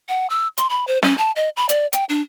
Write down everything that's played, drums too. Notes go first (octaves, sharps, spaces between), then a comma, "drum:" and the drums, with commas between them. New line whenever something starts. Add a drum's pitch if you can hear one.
F#5
E6
C6, drum: hi-hat
B5
C5
C#4, drum: snare
A5
D#5
B5
D5, drum: hi-hat
G5, drum: hi-hat
D4